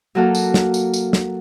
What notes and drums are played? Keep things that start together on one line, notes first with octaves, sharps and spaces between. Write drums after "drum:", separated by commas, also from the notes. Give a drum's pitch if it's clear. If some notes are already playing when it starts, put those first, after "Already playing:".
F#3 A#3 F#4 A4 F5
drum: tambourine
drum: snare
drum: tambourine
drum: tambourine
drum: snare